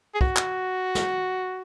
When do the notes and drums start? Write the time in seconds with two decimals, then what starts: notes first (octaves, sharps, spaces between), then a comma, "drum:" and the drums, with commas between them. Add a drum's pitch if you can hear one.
0.14 G#4
0.21 F#4, drum: kick
0.36 drum: clap
0.95 drum: snare